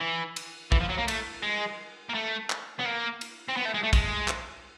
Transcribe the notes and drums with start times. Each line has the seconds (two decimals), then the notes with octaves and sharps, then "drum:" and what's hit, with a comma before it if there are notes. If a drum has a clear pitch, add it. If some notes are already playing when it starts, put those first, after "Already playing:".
0.01 E3
0.36 drum: cymbal
0.72 E3, drum: kick
0.81 F3
0.90 F#3
0.99 A#3
1.08 A3, drum: cymbal
1.43 G#3
2.10 A#3
2.15 A3
2.50 drum: clap
2.80 B3
2.86 A#3
3.21 drum: cymbal
3.49 C4
3.57 B3
3.65 A3
3.74 G#3
3.84 A3
3.93 G#3, drum: kick, cymbal
4.28 drum: clap